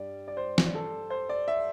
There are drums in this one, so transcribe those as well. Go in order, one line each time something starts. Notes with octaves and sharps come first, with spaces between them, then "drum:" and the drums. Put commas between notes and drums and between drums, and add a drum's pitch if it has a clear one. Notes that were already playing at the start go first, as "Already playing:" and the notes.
Already playing: G2 G3 D5
D5
C5
drum: snare
A4
C5
D5
E5